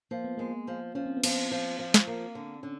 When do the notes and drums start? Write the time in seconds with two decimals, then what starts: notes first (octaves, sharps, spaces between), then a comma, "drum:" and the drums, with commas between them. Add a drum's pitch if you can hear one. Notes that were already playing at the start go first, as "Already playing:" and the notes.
0.11 F3 A#3
0.24 B3
0.38 G#3 A#3
0.67 F3
0.95 F3 C#4
1.06 C4
1.17 B3
1.24 F3 C4, drum: cymbal
1.51 F3
1.79 F3
1.94 drum: snare
2.07 A#3
2.35 D3
2.63 D3 C#4